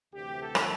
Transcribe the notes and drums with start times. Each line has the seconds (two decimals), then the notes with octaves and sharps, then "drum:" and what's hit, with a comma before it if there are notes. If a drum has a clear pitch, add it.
0.13 D2 C3 E3 G4
0.41 A4
0.55 drum: rim click